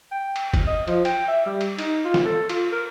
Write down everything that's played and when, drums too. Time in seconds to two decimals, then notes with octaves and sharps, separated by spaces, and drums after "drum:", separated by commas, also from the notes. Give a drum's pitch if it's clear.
0.12 G5
0.36 drum: cymbal
0.54 drum: kick, cymbal
0.67 D#5
0.88 F3, drum: cymbal
1.05 G5, drum: cymbal
1.28 E5
1.46 G3
1.61 drum: cymbal
1.79 D#4, drum: cymbal
2.05 F4
2.14 drum: snare
2.26 A4
2.49 F4, drum: cymbal
2.72 A#4